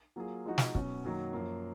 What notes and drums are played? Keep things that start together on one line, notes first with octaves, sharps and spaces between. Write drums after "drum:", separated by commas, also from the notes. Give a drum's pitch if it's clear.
F#3 A#3 F4 G#4
F3 G#3 D#4 F#4
drum: snare
B2 F#3 C#4, drum: kick
F#2 D#3 F#3 A#3
F#2 F3 A#3